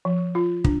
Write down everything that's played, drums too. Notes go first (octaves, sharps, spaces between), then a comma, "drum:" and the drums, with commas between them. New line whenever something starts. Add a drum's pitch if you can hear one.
F3
F4
D4, drum: kick